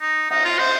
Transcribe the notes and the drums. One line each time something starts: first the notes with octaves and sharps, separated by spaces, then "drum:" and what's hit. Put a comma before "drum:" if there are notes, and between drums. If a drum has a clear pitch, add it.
D#4
D#4, drum: cymbal
F4
C5, drum: cymbal